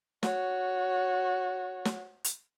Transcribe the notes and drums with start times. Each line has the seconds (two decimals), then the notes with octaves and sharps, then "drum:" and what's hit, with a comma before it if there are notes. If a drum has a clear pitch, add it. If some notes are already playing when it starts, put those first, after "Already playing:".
0.23 F#4 C#5, drum: snare
1.85 drum: snare
2.24 drum: hi-hat